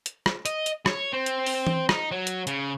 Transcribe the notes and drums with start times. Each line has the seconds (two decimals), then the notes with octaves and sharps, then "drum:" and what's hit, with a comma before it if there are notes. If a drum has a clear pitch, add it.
0.06 drum: hi-hat
0.26 drum: rim click
0.46 D#5, drum: hi-hat
0.66 drum: hi-hat
0.86 C#5, drum: rim click
1.13 C4
1.26 drum: hi-hat
1.46 drum: open hi-hat
1.67 drum: tom E3
1.89 D#4, drum: rim click
2.11 F#3
2.27 drum: hi-hat
2.47 C#3, drum: hi-hat